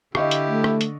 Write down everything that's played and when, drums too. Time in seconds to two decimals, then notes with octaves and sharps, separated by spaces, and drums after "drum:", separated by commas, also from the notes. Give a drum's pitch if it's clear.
0.15 D3 E4 G4 D#5 F5 C#6, drum: rim click
0.31 drum: hi-hat
0.45 A3
0.64 drum: rim click
0.81 drum: hi-hat